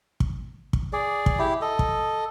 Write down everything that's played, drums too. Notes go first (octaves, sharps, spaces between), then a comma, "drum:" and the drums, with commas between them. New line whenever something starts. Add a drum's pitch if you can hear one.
drum: kick
drum: kick
G#4 D5
drum: kick
E4 G4
A4 D#5
drum: kick